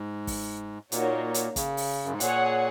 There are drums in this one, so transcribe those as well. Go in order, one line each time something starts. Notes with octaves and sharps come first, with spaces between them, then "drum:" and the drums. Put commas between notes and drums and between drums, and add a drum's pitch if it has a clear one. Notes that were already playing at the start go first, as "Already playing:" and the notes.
Already playing: G#2
drum: kick, open hi-hat
A#2 A#3 D#4 F#4 C#5, drum: hi-hat
drum: hi-hat
C#3, drum: kick, hi-hat
drum: open hi-hat
F#2
G#2
A#2 G#4 C#5 F#5, drum: hi-hat